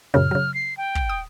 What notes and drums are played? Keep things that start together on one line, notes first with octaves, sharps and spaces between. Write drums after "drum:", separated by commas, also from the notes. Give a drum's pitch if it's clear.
F#2 A#2 C#3 F6
C#3 F#3
C7
G5
drum: kick
D#6